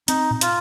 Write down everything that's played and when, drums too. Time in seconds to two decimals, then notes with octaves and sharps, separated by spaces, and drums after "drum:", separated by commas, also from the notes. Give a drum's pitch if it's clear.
0.08 C4 D#4, drum: hi-hat
0.31 A#2
0.41 F4, drum: hi-hat